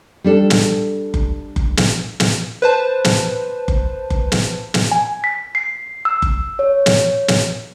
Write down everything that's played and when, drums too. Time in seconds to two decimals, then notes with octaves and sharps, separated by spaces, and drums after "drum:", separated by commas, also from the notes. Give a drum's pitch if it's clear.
0.24 G3 D4 A4
0.50 drum: snare
1.14 drum: kick F#1
1.56 drum: kick F#1
1.77 drum: snare
2.20 drum: snare
2.62 B4 C5 A5
3.04 drum: snare
3.68 drum: kick F#1
4.10 drum: kick F#1
4.32 drum: snare
4.74 drum: snare
4.92 G#5
5.24 B6
5.55 C7
6.05 E6
6.22 drum: kick F#1
6.59 C#5
6.86 drum: snare
7.28 drum: snare